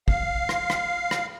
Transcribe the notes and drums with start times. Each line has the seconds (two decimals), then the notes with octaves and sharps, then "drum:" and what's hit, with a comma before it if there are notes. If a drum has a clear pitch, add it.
0.08 F5, drum: kick
0.49 drum: rim click
0.70 drum: rim click
1.11 drum: rim click